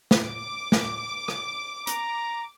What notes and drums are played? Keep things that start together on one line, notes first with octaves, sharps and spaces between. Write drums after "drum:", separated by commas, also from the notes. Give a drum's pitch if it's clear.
drum: snare
D6
drum: snare
drum: rim click
A#5, drum: hi-hat